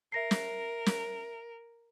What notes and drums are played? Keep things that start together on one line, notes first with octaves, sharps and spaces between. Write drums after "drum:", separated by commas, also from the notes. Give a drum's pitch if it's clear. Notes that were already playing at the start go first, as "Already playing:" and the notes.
A#4 E5 A#6 C7
drum: snare
drum: snare